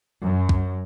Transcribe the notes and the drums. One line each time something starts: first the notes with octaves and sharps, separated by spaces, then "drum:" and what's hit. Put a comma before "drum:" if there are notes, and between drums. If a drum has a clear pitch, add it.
F#2
drum: kick